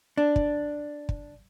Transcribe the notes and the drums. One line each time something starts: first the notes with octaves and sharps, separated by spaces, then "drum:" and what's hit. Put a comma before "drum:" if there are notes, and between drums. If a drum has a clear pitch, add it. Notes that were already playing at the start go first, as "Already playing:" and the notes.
D4
drum: kick
drum: kick